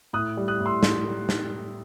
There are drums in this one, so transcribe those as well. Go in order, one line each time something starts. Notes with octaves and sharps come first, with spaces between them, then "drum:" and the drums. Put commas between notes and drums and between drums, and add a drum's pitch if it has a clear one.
A2 D#6 F#6
G3
D#6 F#6
A2
C6 E6
A2, drum: snare
drum: snare